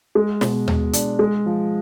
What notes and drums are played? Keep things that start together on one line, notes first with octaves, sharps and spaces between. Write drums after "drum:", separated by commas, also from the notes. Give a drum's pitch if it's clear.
G#3
B2, drum: snare
B2, drum: tom D#2
D4, drum: hi-hat
G#3
F3